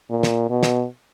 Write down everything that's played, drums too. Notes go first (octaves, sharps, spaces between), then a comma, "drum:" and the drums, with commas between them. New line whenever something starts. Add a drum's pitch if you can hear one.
A#2
drum: snare
B2
drum: snare